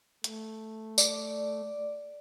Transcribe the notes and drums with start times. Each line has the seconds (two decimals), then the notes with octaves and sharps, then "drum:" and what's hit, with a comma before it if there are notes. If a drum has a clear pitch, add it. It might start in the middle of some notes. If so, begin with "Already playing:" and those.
0.24 A3, drum: hi-hat
0.98 D5, drum: tambourine